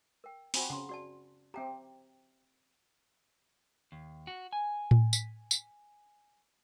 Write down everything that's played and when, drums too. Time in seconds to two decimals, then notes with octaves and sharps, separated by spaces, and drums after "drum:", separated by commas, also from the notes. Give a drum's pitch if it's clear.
0.24 A#4 G5
0.54 C4 F4 F#4 G#5 B5, drum: open hi-hat
0.70 C#3 F#5 A#5 C6
0.89 F#4 D5 A5
1.54 C4 G4 E5 G5 A#5
3.92 D#2
4.27 F#4
4.53 G#5
4.91 drum: tom A2
5.13 drum: tambourine
5.51 drum: tambourine